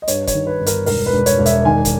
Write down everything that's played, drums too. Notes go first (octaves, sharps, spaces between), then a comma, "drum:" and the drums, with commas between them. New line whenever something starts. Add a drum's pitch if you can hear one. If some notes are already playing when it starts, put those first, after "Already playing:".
D#5
G2 C#5, drum: hi-hat
C#5, drum: kick, hi-hat
D#3
B4
G1
A#4, drum: hi-hat
E1 A#4, drum: open hi-hat
B4
E1
C#5, drum: hi-hat
E1
E5, drum: hi-hat
D#3 G#5
drum: kick, hi-hat